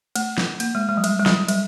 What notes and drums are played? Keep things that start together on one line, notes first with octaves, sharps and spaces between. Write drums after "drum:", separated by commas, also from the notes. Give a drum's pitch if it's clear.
A3, drum: cymbal
drum: snare
A#3, drum: cymbal
G#3
G#3
F#3
G3, drum: cymbal
G3
F#3, drum: snare
G3, drum: cymbal